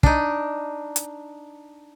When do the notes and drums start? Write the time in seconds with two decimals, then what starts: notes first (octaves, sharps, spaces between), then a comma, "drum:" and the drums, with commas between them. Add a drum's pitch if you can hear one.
0.03 D4 D#4, drum: kick
0.96 drum: hi-hat